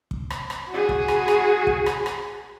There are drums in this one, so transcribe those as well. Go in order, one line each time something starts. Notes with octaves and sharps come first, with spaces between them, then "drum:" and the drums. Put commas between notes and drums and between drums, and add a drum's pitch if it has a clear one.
drum: kick
drum: rim click
drum: rim click
F#4 G#4
drum: kick
drum: rim click
drum: rim click
drum: kick
drum: rim click
drum: rim click